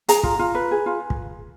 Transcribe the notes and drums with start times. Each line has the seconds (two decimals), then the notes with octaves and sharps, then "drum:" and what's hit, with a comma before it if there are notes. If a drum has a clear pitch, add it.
0.08 G#4 A#5, drum: hi-hat
0.23 F4, drum: kick
0.39 F4
0.55 B4
0.71 G#4
0.86 F4
1.10 drum: kick